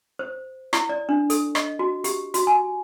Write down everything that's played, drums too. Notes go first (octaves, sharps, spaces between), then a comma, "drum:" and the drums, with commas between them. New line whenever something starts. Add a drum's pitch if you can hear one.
C5
E4, drum: rim click
D5
D4
A4, drum: hi-hat
D#5, drum: rim click
F#4
G4, drum: hi-hat
F#4, drum: hi-hat
G#5